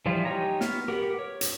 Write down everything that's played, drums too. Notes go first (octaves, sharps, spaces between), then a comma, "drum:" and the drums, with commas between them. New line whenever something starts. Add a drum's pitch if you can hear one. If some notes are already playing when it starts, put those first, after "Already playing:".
E3 F3 G3 E4 F4
D#4 G4 C#5 G#5 A#5
B3 F6, drum: snare
G4 A#4 B4 F#5
C#5
drum: hi-hat